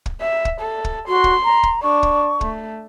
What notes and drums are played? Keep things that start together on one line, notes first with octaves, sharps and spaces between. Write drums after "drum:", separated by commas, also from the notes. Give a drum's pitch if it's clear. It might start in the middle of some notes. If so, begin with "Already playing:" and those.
drum: kick
E5
drum: kick
A4
drum: kick
F#4 C6
drum: kick
A#5
drum: kick
D4 C#6
drum: kick
A3, drum: kick